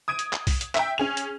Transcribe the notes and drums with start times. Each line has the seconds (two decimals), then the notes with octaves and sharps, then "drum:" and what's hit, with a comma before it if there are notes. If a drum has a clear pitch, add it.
0.08 D#6 G#6 D7 D#7
0.19 drum: hi-hat
0.33 drum: clap
0.47 drum: kick, open hi-hat
0.61 drum: hi-hat
0.75 E5 G5, drum: clap
0.98 C#4 G#4 F7
1.17 drum: hi-hat